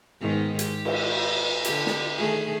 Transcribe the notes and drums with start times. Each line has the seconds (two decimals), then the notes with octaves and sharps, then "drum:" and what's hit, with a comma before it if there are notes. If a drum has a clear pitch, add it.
0.21 G#2 D#3 B3
0.59 G4, drum: hi-hat
0.85 drum: cymbal
1.65 D3 G4, drum: hi-hat
1.86 drum: snare
2.17 D#3 A3 G#4